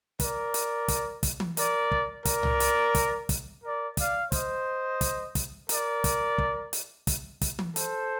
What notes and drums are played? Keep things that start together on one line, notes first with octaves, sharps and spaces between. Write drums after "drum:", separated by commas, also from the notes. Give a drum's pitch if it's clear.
A#4 D5, drum: kick, hi-hat
drum: hi-hat
drum: kick, hi-hat
drum: kick, hi-hat
drum: tom E3
A#4 D5, drum: hi-hat
drum: kick
A#4 D5, drum: kick, hi-hat
drum: tom C2
drum: hi-hat
drum: kick, hi-hat
drum: kick, hi-hat
A#4 D5
D5 F5, drum: kick, hi-hat
C5 D#5, drum: kick, hi-hat
drum: kick, hi-hat
drum: kick, hi-hat
A#4 D5, drum: hi-hat
drum: kick, hi-hat
drum: kick
drum: hi-hat
drum: kick, hi-hat
drum: kick, hi-hat
drum: tom E3
A4 C5, drum: hi-hat